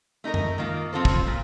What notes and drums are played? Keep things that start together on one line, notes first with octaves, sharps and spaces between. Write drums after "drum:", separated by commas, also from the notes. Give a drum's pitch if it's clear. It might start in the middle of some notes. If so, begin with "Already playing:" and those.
A3 D#4 G4 A#4 D#5
drum: tom F#2
D#3 A#3 F4
F3 C4 F4 A4 C5
drum: kick
A#2